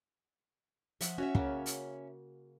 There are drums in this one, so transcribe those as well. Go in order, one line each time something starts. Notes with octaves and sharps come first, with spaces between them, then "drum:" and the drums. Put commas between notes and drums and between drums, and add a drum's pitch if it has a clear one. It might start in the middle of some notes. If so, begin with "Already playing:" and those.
F3 E5 F#5, drum: hi-hat
C#4 F#4 C#5 E5
C#3 A#3, drum: kick
drum: hi-hat